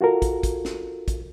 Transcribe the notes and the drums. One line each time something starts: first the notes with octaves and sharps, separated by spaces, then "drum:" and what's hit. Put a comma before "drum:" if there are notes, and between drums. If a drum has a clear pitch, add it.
F4 F#4 A4 A#4
drum: kick, hi-hat
drum: kick, hi-hat
drum: snare
drum: kick, hi-hat